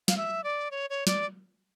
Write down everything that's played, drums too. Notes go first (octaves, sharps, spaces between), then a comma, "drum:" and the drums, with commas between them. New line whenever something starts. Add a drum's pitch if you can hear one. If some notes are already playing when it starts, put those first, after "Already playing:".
F5, drum: snare
E5
D5
C#5
C#5
D5, drum: snare